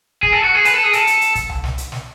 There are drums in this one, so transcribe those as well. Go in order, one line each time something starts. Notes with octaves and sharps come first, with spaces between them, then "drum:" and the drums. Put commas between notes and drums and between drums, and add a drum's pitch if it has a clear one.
G#4, drum: kick
A4
F#4
G#4
B4, drum: hi-hat
A4
G#4
A4, drum: hi-hat
drum: hi-hat
drum: hi-hat
drum: kick, hi-hat
drum: tom C2
drum: snare
drum: hi-hat
drum: snare